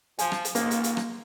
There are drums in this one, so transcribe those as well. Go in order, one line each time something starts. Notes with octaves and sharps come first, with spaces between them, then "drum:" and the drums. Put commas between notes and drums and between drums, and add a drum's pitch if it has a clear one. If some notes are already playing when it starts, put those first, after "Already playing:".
F3 G#5, drum: hi-hat
drum: rim click
drum: hi-hat
C#2 G#2 A#3, drum: hi-hat
drum: hi-hat
drum: hi-hat
drum: rim click